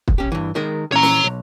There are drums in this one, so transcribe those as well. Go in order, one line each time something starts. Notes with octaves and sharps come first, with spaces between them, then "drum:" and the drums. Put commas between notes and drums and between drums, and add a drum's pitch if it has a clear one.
drum: kick
C#4 G4
G2 E3
D#3 G#3 A#4
A#2 E3 C#4 C#5 A#5
drum: snare
B1